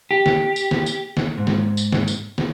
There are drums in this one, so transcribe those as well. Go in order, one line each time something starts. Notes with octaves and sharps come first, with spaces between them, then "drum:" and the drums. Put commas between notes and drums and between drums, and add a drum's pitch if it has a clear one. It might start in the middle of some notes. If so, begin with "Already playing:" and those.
G4
drum: snare
drum: tambourine
drum: snare
drum: tambourine
drum: snare
G#2
drum: snare
drum: tambourine
drum: snare
drum: tambourine
drum: snare